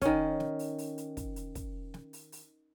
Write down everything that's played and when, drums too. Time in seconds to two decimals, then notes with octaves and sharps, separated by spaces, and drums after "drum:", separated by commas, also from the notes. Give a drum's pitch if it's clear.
0.02 D#3 C#4, drum: kick, hi-hat
0.40 drum: snare
0.59 drum: open hi-hat
0.78 drum: open hi-hat
0.98 drum: hi-hat
1.17 drum: kick, hi-hat
1.36 drum: hi-hat
1.55 drum: kick, hi-hat
1.94 drum: snare
2.13 drum: open hi-hat
2.32 drum: open hi-hat